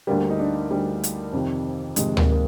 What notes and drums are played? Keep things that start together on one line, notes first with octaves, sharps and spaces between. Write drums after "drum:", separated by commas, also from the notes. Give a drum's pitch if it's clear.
D2 D3 G3 A#3
D#4
D4
D2 D3 G3
drum: hi-hat
F2 C3 D#3
F2 C3 D#3 G#3, drum: hi-hat
A#3, drum: tom D2
A#3